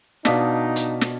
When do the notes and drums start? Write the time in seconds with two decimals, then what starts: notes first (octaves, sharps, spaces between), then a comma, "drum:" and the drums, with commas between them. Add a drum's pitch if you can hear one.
0.25 B2 D4 D#4 D5 D#5 F5 B6, drum: snare
0.76 drum: hi-hat
1.01 drum: snare